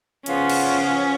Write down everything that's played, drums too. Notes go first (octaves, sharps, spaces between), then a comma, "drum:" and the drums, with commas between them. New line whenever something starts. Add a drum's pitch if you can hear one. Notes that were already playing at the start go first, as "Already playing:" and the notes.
C#3 F3 B3 C#4 F4, drum: hi-hat
drum: cymbal